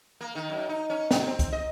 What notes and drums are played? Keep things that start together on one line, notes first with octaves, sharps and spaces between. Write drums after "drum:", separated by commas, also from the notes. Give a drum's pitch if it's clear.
A#3
D#3
F#2
D#4
C#4
F#3, drum: snare
C4
C4, drum: kick C2, hi-hat
D#5